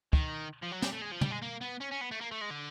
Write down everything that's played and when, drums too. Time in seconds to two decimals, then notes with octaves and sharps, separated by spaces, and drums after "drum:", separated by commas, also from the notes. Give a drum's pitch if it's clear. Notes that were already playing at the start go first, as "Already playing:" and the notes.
0.13 D#3, drum: kick
0.63 F3
0.72 F#3
0.82 G3, drum: snare
0.93 A3
1.02 G#3
1.12 F3
1.21 G3, drum: tom
1.31 G#3
1.42 A#3
1.61 B3
1.81 C#4
1.91 C#4
2.01 B3
2.12 A3
2.21 A#3
2.32 A3
2.41 G#3
2.50 D3